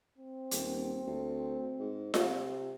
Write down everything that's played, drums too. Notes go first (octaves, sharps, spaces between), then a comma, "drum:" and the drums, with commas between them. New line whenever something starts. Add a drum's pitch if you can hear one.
C4
D#1, drum: hi-hat
D2
G#2
C3, drum: snare F4